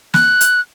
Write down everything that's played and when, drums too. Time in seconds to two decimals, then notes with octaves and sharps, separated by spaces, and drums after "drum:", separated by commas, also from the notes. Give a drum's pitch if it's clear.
0.14 F#6, drum: snare
0.41 drum: hi-hat